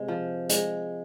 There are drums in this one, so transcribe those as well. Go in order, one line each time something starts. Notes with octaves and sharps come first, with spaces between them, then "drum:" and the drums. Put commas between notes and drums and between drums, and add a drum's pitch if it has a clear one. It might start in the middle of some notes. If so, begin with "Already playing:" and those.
Already playing: C3 G#3
F3
G#3, drum: hi-hat